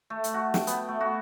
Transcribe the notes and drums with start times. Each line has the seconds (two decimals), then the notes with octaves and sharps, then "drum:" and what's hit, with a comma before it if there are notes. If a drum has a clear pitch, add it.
0.10 A3
0.24 drum: hi-hat
0.34 F#4
0.54 G5, drum: snare
0.67 B3, drum: hi-hat
0.89 A3
1.01 F#4